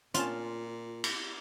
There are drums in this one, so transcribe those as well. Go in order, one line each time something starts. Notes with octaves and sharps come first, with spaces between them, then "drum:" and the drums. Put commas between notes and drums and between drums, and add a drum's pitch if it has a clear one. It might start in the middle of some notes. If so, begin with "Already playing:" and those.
A#2 C4 C#4 F4 A5, drum: hi-hat
drum: cymbal